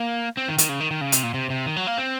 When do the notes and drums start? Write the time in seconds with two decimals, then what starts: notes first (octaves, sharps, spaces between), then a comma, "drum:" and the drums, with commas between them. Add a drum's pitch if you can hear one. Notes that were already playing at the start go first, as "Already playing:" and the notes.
Already playing: A#3
0.37 C4
0.48 D#3
0.58 D#3, drum: hi-hat
0.69 C#3
0.80 D#3
0.91 D#3
1.01 C#3
1.12 C3, drum: hi-hat
1.23 A#2
1.34 C3
1.50 C3
1.66 D#3
1.76 F#3
1.87 A#3
1.98 C4